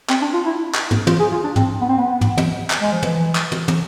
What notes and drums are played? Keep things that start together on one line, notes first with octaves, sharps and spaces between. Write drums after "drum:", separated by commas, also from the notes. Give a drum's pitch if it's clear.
C4, drum: clap
D4
F4
E4
drum: clap
drum: tom
F4, drum: tom
G#4
F4
D4
C4, drum: tom
B3
C4
B3
drum: tom
drum: tom
drum: clap
G#3
F3
E3, drum: tom
drum: clap
drum: tom
drum: tom